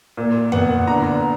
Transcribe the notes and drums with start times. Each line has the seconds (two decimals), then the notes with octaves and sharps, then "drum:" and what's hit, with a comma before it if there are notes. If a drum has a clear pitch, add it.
0.17 A#2
0.52 B3 F#5, drum: tom F2
0.87 D3 A#5